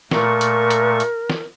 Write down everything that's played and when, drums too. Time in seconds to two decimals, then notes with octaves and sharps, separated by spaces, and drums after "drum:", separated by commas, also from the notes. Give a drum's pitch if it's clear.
0.11 A#2 A3 A#4 C#6, drum: snare
0.41 drum: hi-hat
0.71 drum: hi-hat
1.00 drum: hi-hat
1.30 drum: snare